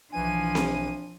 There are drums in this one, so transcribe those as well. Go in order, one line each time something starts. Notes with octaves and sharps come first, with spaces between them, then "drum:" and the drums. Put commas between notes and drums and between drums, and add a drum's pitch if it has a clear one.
B1 E3 F3 D4 G#5 D#7
drum: snare C4